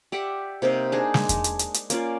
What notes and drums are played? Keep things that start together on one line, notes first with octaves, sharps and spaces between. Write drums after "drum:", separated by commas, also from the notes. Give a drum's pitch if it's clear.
G4 D5 E5 F#5
C3 A#3 D#4 C5
D4 D#4 G#4
G#3, drum: snare
drum: kick E2, hi-hat
drum: hi-hat
drum: hi-hat
drum: hi-hat
A#3 C#4 F4 D5, drum: hi-hat